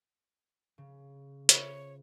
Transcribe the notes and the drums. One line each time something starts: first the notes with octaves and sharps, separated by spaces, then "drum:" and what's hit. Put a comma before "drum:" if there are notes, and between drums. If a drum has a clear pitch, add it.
C#3
F4 C5 C#5 E5, drum: hi-hat